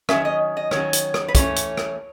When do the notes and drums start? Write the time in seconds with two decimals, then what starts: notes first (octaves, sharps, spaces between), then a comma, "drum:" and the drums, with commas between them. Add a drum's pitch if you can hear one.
0.09 D#3 F#3 C#4 E5, drum: rim click
0.25 D#5
0.57 D#5
0.71 D#3 F#3 C#4 C#5, drum: rim click
0.93 drum: hi-hat
1.14 drum: rim click
1.28 B4
1.35 E3 A3 C#4 C#5, drum: kick, hi-hat
1.56 drum: hi-hat
1.77 drum: rim click